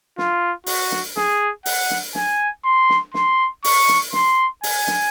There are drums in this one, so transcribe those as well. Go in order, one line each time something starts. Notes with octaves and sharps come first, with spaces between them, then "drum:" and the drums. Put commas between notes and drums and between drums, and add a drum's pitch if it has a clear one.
F4, drum: snare
F#4, drum: open hi-hat
drum: snare
G#4, drum: snare
F#5, drum: open hi-hat
drum: snare
G#5, drum: snare
C6
drum: snare
C6, drum: snare
C#6, drum: open hi-hat
drum: snare
C6, drum: snare
G#5, drum: open hi-hat
drum: snare